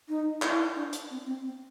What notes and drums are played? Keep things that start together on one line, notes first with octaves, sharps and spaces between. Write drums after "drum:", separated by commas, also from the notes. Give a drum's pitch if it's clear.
D#4
E4, drum: clap
D4
drum: hi-hat
C4
C4
C4